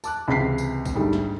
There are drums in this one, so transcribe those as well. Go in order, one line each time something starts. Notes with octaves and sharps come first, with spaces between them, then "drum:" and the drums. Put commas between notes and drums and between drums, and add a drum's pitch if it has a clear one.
A5 D6 F#6, drum: tambourine
C#2 C3 E3 B6 C7
drum: tambourine
drum: kick A1, tambourine
D2 G#2 G3 A3
drum: snare